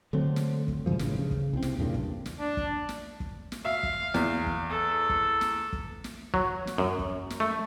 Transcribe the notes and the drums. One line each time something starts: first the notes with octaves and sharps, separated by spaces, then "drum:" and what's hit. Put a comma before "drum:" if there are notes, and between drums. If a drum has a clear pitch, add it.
D3 F#3 A3 C4
drum: snare
drum: kick
G#2 C#3 E3 F3
A1 G2 C#3, drum: snare
C#3
drum: kick
C2 C4
drum: snare
E2 G2 A#2 C#3
drum: kick
drum: snare
D4
drum: kick
drum: snare
drum: kick
drum: snare
E5 F5
drum: kick
E2, drum: snare
drum: kick
A4
drum: kick
drum: snare
drum: kick
drum: snare
F#3, drum: kick
drum: snare
F#2
drum: kick
drum: snare
A3